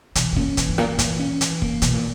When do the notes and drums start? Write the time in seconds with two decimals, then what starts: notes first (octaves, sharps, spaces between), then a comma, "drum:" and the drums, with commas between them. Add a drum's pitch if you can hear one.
0.15 B2 E3, drum: hi-hat
0.33 B2
0.36 A#2 C#4, drum: kick
0.57 B2 E3, drum: hi-hat
0.69 G#2
0.78 A#2 A#3, drum: rim click
0.99 A#2 E3, drum: kick, hi-hat
1.20 C#4
1.41 E3, drum: hi-hat
1.62 A#3, drum: kick
1.82 B2 E3, drum: hi-hat
1.94 A#2